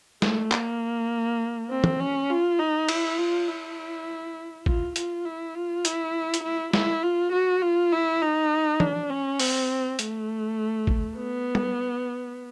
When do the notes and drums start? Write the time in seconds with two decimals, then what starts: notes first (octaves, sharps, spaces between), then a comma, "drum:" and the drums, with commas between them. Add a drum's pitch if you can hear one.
0.22 A3, drum: snare
0.52 A#3, drum: clap
1.70 C4
1.84 drum: tom
2.00 C#4
2.30 F4
2.59 D#4
2.89 E4, drum: cymbal
3.18 F4
3.48 E4
4.66 F4, drum: kick
4.96 F4, drum: hi-hat
5.25 E4
5.55 F4
5.85 E4, drum: hi-hat
6.34 drum: hi-hat
6.44 E4
6.74 E4, drum: snare
7.03 F4
7.32 F#4
7.62 F4
7.92 E4
8.21 D#4
8.80 D4, drum: tom
9.10 C#4
9.40 C4, drum: open hi-hat
9.99 A3, drum: hi-hat
10.87 drum: kick
11.17 B3
11.55 drum: tom G3